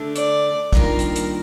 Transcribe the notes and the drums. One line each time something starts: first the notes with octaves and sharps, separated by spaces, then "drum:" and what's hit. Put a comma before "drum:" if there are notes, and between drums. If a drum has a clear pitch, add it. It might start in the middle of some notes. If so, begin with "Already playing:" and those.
Already playing: D3 A3 D4
D5, drum: hi-hat
G2 D#3 A#3 F4 A#4, drum: kick
drum: hi-hat
drum: hi-hat